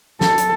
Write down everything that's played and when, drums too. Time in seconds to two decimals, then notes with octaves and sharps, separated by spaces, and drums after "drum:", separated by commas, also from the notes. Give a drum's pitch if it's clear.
0.21 A4, drum: snare
0.38 drum: hi-hat